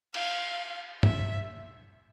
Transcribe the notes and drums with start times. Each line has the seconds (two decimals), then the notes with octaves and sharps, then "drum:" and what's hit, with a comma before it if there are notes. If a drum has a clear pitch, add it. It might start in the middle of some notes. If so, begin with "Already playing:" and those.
0.14 F5, drum: cymbal
1.03 E5, drum: tom